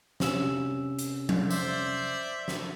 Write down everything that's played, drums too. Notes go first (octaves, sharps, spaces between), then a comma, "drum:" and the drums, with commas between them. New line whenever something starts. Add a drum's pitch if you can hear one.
C3 C#4 E6, drum: snare
drum: hi-hat
drum: tom F3
C5 D5 E5, drum: tambourine
drum: snare